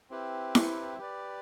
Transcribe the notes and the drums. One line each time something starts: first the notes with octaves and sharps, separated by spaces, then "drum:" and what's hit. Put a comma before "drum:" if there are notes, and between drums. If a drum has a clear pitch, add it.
C4 E4 G4 B4
drum: snare E4
G4 B4 D5